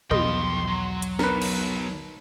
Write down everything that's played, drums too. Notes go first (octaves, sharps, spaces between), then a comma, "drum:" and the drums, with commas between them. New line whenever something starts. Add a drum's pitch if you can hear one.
B1 E2 B2 F3 D#5 G5 C6, drum: tom
F#3
drum: hi-hat
B3 D#4 A#4 B4, drum: snare
drum: cymbal